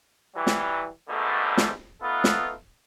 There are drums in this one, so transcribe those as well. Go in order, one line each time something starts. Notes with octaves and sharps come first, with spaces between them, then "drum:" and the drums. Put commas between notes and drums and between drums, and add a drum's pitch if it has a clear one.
E3 F#3 G3
drum: snare
G#2 B2 D3 G3 A3
drum: snare
A3 B3 D#4 F4 A4 B4
drum: snare